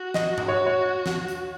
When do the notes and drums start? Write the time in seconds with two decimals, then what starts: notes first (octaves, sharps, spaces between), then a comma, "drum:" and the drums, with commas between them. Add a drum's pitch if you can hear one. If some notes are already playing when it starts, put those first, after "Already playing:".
Already playing: F#4
0.14 D#5, drum: snare
0.38 drum: tom G2
0.48 C#5
0.66 C#5
1.06 drum: snare
1.28 drum: tambourine